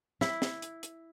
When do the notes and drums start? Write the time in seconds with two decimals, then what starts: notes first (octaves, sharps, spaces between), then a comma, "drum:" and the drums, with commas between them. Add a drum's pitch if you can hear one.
0.21 E4, drum: snare
0.42 drum: snare
0.62 drum: hi-hat
0.83 drum: hi-hat